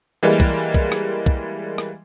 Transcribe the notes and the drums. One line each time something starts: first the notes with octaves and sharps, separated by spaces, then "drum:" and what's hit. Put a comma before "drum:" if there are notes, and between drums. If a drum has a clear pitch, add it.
E3 G3 G#3 A#3
drum: kick
drum: kick
drum: rim click
drum: kick
drum: rim click